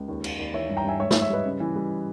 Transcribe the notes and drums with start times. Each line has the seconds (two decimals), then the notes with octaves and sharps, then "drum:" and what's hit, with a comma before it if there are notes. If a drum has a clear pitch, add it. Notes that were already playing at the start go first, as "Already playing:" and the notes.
Already playing: C#2
0.08 D#2
0.24 D#2, drum: cymbal
0.39 D#2
0.54 E3 C#5 E5
0.69 G2
0.77 G5 A#5
0.84 G2 E5 G#5
1.00 G#2 C#5 E5
1.11 C#5 E5, drum: snare
1.14 G#2
1.22 C#5 E5
1.30 G3 B4 D#5
1.45 C#3
1.60 E3
1.75 G3